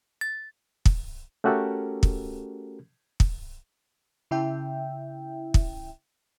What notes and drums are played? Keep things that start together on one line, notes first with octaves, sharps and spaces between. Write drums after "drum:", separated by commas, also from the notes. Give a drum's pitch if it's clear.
A6
drum: kick
A3 C#4 F#4 G4 A4 A#4
drum: kick
drum: kick
C#3 E4 E5 G5
drum: kick